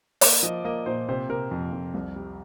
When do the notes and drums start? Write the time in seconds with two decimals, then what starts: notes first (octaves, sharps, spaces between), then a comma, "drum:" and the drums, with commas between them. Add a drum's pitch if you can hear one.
0.21 A#3 D5, drum: open hi-hat
0.43 F3 D#5
0.64 A#3 D#5
0.86 A#2 C5
1.09 C3 C5
1.29 C3 A#4
1.51 F2
1.72 F2
1.94 C2
2.16 G3